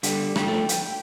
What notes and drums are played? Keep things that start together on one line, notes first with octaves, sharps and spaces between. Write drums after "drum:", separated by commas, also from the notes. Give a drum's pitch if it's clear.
D3 G3 G5, drum: hi-hat
D3 G3 G5, drum: rim click
F3 A3
drum: hi-hat